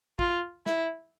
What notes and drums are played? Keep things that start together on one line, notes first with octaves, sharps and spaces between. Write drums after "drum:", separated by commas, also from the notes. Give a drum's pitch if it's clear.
F4, drum: kick
E4, drum: snare